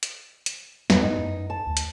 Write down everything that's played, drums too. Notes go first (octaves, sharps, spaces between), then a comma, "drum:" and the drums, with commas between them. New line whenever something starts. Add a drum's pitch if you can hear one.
drum: hi-hat
drum: hi-hat
F2 B3, drum: snare
G2 D#4
F#2
A5
D2
drum: hi-hat